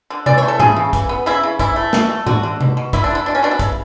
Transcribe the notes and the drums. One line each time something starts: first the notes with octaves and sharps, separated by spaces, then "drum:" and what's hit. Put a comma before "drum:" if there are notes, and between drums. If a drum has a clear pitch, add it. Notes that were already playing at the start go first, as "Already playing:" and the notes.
D3
E3 D5, drum: tom C3
C#5
A3
A4
C#3 G#4, drum: tom G#2
C#3
E3, drum: kick, hi-hat
B3
C#3 E4
C#3
E3 E4, drum: kick, hi-hat
A3
B2, drum: snare
A3
D3 F#4, drum: tom G#2
D3
B2, drum: tom C3
B2
D3 E4, drum: kick, hi-hat
D4
D3 E4
B2 D4
C#4
B2 D4
E4
C#3, drum: kick, hi-hat